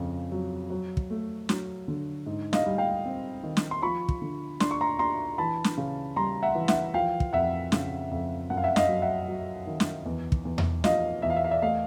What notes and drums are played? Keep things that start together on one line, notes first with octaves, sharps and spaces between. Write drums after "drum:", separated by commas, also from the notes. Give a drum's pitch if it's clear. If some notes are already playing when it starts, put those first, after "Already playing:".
Already playing: F2 C#3
F#3
F#3
drum: kick
A3
F#3, drum: snare
D3
G#2
D#5 F5, drum: snare
G3
F5 G5
C4
D#3
drum: snare
C6
F3 B5 C#6
drum: kick
D3
D4 C6, drum: snare
C#6
A#5 C6
D4 A#5 C6
E3 A5 B5
drum: snare
C#3
G3 A#5 C6
E5 F#5
E3
E5 F#5, drum: snare
F3 F5 G5
drum: kick
F2 E5 F#5
C#3, drum: snare
F2
F#2 F#5
F5
E5 F#5
D#5 F5, drum: snare
F#3
E5 F#5
F#3
D#3
drum: snare
E2
drum: kick
E2
drum: tom E2
F3 D#5 F5, drum: snare
E2 E5
F5
E5
F5
D5 E5
A3 D#5 F5